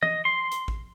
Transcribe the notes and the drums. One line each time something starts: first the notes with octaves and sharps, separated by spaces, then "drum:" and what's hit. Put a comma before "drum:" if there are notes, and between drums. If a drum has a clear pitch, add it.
D#5, drum: tom E3
C6
drum: hi-hat
drum: kick A1